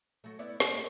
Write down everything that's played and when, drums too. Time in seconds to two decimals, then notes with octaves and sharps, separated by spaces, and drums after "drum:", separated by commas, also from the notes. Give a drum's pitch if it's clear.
0.24 F#3 A3
0.39 B3 E4 D5
0.60 A#3 C#4, drum: snare